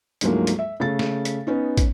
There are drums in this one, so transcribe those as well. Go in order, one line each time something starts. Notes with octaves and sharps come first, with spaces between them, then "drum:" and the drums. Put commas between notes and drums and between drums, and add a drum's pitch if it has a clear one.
D2 G#2 F3 F#3 G#3 A#3, drum: hi-hat
drum: hi-hat
E5
C#3 A3 A6
drum: snare
drum: hi-hat
B3 C#4 D#4
drum: kick, hi-hat